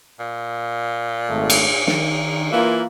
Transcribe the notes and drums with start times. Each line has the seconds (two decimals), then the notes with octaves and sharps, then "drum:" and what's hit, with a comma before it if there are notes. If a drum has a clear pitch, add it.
0.20 A#2
1.29 G#1 A3
1.50 drum: cymbal
1.87 D#3, drum: snare
2.52 E3 A#3 F4